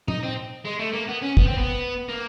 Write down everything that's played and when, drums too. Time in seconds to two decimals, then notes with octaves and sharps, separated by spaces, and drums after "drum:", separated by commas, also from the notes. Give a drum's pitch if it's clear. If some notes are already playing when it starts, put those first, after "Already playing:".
0.08 D#4, drum: tom A#2
0.23 C4
0.65 G#3
0.80 A3
0.93 A#3
1.09 B3
1.22 C#4
1.37 B3, drum: kick
1.47 C4
1.58 B3
2.09 A#3